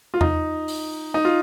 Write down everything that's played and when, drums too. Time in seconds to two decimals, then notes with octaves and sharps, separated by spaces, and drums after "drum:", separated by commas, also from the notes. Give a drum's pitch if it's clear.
0.14 F4
0.21 D#4, drum: tom E2
0.68 drum: open hi-hat
1.14 D#4
1.25 F4